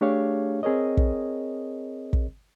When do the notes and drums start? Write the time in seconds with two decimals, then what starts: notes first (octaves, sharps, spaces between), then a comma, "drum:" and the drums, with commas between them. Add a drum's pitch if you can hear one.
0.01 A3 D4 G4 G#4 C#5 F5
0.63 C4 G#4 A#4 C#5 D#5
0.97 drum: kick
2.13 drum: kick